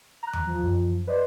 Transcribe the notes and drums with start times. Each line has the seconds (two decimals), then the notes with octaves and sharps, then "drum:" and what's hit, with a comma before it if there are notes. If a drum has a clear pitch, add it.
0.23 A#5 F#6
0.33 drum: tom E2
0.47 F3
0.63 F#2
1.07 B4 C5 D5 D#5